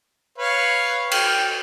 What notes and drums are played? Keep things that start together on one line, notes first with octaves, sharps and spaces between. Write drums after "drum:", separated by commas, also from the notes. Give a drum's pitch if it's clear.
B4 C#5 F5
G5 F6, drum: cymbal